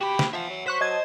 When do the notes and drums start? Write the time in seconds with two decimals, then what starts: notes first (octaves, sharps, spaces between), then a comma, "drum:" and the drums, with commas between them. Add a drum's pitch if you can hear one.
0.01 F#4 G4 B5
0.19 drum: snare
0.33 F3 E5 F#5
0.50 F#3
0.67 C5 C#6 F#6 B6
0.81 F#3 D#5 A5 G#6